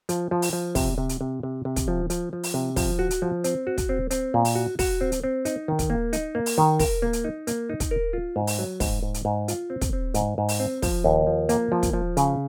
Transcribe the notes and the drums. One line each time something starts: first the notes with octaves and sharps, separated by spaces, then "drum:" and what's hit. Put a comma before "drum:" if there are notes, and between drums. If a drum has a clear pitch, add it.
F3, drum: hi-hat
F3
drum: open hi-hat
F3
C3, drum: kick, open hi-hat
C3
drum: hi-hat
C3
C3
C3
drum: kick, hi-hat
F3
F3, drum: hi-hat
F3
drum: open hi-hat
C3
F3, drum: kick, open hi-hat
F#4
drum: hi-hat
F3
C4, drum: hi-hat
F#4
drum: kick, hi-hat
C4
C4, drum: hi-hat
A#2
drum: open hi-hat
F#4
F#4, drum: kick, open hi-hat
C4
drum: hi-hat
C4
D#4, drum: hi-hat
D#3
drum: kick, hi-hat
A#3
D#4, drum: hi-hat
A#3
drum: open hi-hat
D#3
A#4, drum: kick, open hi-hat
A#3
drum: hi-hat
D#4
A#3, drum: hi-hat
D#4
drum: kick, hi-hat
A#4
F4
G#2
drum: open hi-hat
F#3
G#2, drum: kick, open hi-hat
G#2
drum: hi-hat
G#2
F4, drum: hi-hat
C4
drum: kick, hi-hat
C4
G#2, drum: hi-hat
G#2
drum: open hi-hat
C4
F3, drum: kick, open hi-hat
D#2
F3
A#3, drum: hi-hat
F3
drum: kick, hi-hat
F3
C#3, drum: hi-hat